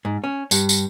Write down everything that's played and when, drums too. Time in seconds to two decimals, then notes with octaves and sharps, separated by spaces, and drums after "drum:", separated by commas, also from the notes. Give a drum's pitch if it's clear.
0.05 G#2
0.24 C#4
0.51 G2, drum: tambourine
0.69 drum: tambourine